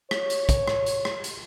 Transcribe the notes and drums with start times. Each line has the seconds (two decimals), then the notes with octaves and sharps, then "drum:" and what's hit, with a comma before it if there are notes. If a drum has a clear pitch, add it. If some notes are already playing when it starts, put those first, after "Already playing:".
0.11 C#5, drum: rim click
0.30 drum: hi-hat
0.49 drum: kick, hi-hat
0.68 drum: rim click
0.86 drum: hi-hat
1.05 drum: rim click
1.24 drum: hi-hat